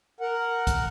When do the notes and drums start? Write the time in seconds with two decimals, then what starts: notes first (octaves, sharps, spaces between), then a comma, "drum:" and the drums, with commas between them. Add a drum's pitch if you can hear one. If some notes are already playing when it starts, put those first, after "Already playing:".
0.20 A#4 F#5
0.67 drum: kick C2, hi-hat